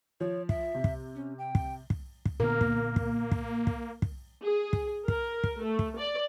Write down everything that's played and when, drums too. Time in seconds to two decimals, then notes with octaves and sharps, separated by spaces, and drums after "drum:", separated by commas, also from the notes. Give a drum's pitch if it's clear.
0.21 F3 C#5
0.49 E5, drum: kick
0.75 C3
0.84 drum: kick
1.15 C#4
1.38 G5
1.55 drum: kick
1.90 drum: kick
2.25 drum: kick
2.40 A#2 D3 A#3 B3 A#4
2.61 drum: kick
2.96 drum: kick
3.32 drum: kick
3.67 drum: kick
4.02 drum: kick
4.42 G#4
4.73 drum: kick
5.08 A#4, drum: kick
5.44 drum: kick
5.61 A3
5.79 drum: kick
5.98 D5